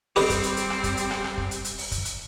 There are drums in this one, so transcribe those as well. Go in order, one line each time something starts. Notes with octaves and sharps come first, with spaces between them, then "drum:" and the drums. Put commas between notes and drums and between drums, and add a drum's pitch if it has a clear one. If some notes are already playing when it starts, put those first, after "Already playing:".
G3 C4 G4 B4 D#5, drum: open hi-hat
drum: kick, hi-hat
drum: hi-hat
drum: hi-hat
drum: rim click
drum: kick, hi-hat
drum: hi-hat
drum: rim click
drum: rim click
drum: kick
drum: hi-hat
drum: hi-hat
drum: open hi-hat
drum: kick, hi-hat
drum: hi-hat